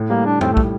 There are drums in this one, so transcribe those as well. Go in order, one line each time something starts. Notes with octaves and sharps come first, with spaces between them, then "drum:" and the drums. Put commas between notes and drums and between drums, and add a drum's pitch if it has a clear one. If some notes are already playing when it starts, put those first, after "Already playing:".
Already playing: A2
G3 A#3
G3 D4
A2 C4, drum: tom F2
A3
G3, drum: kick